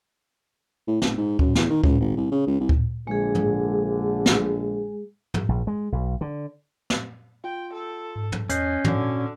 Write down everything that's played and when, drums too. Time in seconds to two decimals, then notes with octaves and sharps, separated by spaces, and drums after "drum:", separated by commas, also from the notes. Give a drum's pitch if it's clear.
0.87 A2
1.02 F1, drum: snare
1.17 G#2
1.39 F#2, drum: kick D2
1.55 E2, drum: snare
1.70 D#3
1.84 C#2, drum: kick D2
2.00 G#1
2.17 C2
2.31 C#3
2.47 C#2
2.60 C2
2.69 drum: kick D2
3.07 A#1 D3 G#3 G#4
3.35 drum: tom
4.26 drum: snare
5.34 drum: tom
5.49 A#1
5.67 G#3
5.92 B1
6.21 D3
6.90 drum: snare
7.44 F4 G5
7.73 A4
8.16 G#2
8.32 drum: tom
8.49 E2 C#4 D#5 F#6 G6 C7, drum: hi-hat
8.84 A#2 D3 F#4, drum: tom